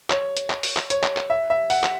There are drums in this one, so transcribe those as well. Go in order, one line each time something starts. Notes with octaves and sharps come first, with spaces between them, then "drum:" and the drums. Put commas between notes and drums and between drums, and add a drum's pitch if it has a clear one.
C#5, drum: clap
drum: hi-hat
drum: clap
drum: open hi-hat
drum: clap
C#5, drum: hi-hat
drum: clap
drum: clap
E5
E5
F#5, drum: open hi-hat
drum: clap